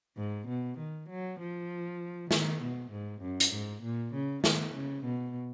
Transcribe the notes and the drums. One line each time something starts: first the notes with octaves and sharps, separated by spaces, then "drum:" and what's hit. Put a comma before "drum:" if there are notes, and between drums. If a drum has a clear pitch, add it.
G#2
B2
D#3
F#3
F3
D#3, drum: snare
B2
G#2
F#2
drum: hi-hat
G#2
A#2
C#3
D#3, drum: snare
C#3
B2